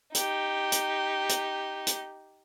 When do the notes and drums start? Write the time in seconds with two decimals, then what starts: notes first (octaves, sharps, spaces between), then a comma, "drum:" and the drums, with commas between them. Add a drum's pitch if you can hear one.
0.15 D#4 G4, drum: hi-hat
0.72 drum: hi-hat
1.29 drum: hi-hat
1.87 drum: hi-hat